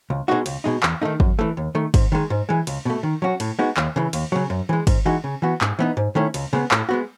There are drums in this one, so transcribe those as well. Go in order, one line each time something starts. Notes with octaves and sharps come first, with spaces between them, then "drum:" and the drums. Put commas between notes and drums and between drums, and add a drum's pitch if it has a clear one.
C#2
B2 G#3 D#4 F#4
C#2, drum: cymbal
B2 G#3 D#4
E2, drum: clap
D#3 A3 D#4
F#2, drum: kick
E3 A3
D#2
D#3 A3
G#2, drum: kick, cymbal
D#3 G#3
G#2
E3 G#3
C#2, drum: cymbal
B2 A3
D#3
F#3 C#4 F#4
A2, drum: cymbal
G#3 B3 D#4 F#4
D#2, drum: clap
C#3 E3
D#2, drum: cymbal
C#3 F#3
F#2
E3 G#3
G#2, drum: kick, cymbal
E3 G#3 D#4 F#4
C#3
E3 B3 F#4
G#2, drum: clap
E3 B3 D#4
G#2
D#3 A3 C#4 E4
C#2, drum: cymbal
C#3 G#3 B3
A2, drum: clap
G#3 B3 F#4